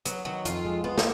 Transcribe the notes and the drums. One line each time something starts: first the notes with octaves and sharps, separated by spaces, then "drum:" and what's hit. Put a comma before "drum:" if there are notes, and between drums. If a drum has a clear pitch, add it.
F#3 B3, drum: hi-hat
D#3 F#3
F2 F4, drum: hi-hat
G#3
B3 F4
drum: snare